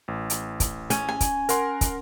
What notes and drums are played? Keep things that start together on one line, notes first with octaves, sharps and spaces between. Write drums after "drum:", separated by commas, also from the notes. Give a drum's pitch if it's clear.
A1
drum: hi-hat
drum: kick, hi-hat
C#4, drum: hi-hat
G#5
drum: kick, hi-hat
A#4 F#5 C6, drum: hi-hat
drum: kick, hi-hat